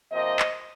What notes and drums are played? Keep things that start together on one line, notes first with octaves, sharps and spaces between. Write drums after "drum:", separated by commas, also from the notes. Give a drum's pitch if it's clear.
C3 F3 A#3 C5 D#5
drum: clap